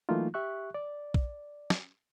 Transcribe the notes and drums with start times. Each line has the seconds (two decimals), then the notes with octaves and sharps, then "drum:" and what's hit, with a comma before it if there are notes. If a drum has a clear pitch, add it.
0.09 E3 F#3 A3 A#3 D#4 F4
0.34 G4 E5 C#6 F#6
0.74 D5
1.14 drum: kick
1.70 drum: snare